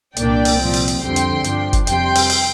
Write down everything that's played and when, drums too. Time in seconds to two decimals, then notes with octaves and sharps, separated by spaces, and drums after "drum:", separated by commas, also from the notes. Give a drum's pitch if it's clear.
0.17 C2 A#2 A#3 D4 D5 G5, drum: hi-hat
0.45 drum: open hi-hat
0.59 C2 A#2 F3 C4
0.73 drum: open hi-hat
0.88 drum: hi-hat
1.02 F2 D3 G3 C4 G5 C6
1.16 drum: hi-hat
1.44 G2 F3 D4, drum: hi-hat
1.73 drum: kick F#1, hi-hat
1.87 F2 C3 G3 G5 C6, drum: hi-hat
2.15 drum: open hi-hat
2.30 drum: open hi-hat